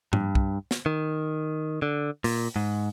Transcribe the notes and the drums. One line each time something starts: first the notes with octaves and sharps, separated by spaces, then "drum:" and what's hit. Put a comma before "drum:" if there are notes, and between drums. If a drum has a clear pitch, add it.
G2, drum: tom G#2
drum: kick
drum: snare
D#3
D3
A#2, drum: open hi-hat
G#2